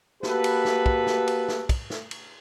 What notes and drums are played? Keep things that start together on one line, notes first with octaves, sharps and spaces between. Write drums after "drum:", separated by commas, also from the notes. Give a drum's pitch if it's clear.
A#3 F#4 G4 A4 B4, drum: snare
drum: cymbal
drum: snare
drum: kick
drum: snare
drum: cymbal
drum: snare
drum: kick, cymbal
drum: snare
drum: cymbal